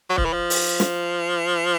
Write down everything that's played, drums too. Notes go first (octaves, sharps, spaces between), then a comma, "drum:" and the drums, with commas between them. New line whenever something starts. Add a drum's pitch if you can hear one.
F#3
F3, drum: kick C#1
E3
F3
drum: open hi-hat
drum: snare